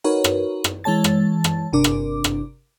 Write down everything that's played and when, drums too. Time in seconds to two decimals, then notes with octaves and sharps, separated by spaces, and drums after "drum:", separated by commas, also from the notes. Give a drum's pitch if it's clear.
0.04 D#4 F#4 A#4 B4 C#5
0.24 drum: rim click
0.64 drum: rim click
0.84 E3 G#3 C#5 A5 A6
1.04 drum: rim click
1.44 drum: rim click
1.73 G1 C3 D4 A#4 D6
1.84 drum: rim click
2.24 drum: rim click